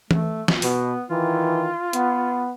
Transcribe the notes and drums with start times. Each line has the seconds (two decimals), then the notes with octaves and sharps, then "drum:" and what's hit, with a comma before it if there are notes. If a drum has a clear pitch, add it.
0.11 A3, drum: tom E3
0.48 drum: snare
0.62 B2 B3, drum: open hi-hat
1.10 D#3 E3 F4
1.93 B3, drum: hi-hat